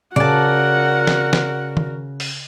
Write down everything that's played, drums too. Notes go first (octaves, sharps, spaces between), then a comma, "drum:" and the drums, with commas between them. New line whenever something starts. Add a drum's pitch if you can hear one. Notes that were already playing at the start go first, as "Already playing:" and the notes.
C#3 F#4 A#4 D5 F#5 A5
drum: snare
drum: snare
drum: tom
drum: open hi-hat